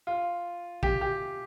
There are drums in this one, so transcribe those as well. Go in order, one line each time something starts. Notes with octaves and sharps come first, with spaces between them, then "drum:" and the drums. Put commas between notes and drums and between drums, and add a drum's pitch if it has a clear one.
F4
G4, drum: kick A#1
G4